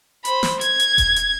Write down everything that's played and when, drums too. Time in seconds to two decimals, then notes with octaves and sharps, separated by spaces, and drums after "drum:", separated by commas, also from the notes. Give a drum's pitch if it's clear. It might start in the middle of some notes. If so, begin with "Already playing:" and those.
0.25 C5 B5, drum: hi-hat
0.43 drum: snare
0.61 G#6, drum: hi-hat
0.80 drum: hi-hat
0.98 drum: kick E1, hi-hat
1.16 drum: hi-hat